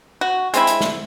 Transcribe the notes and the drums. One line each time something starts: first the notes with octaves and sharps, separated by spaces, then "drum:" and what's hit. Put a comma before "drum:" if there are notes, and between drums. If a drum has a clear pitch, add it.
F#4
G#3 C4 E4, drum: hi-hat
drum: hi-hat
drum: snare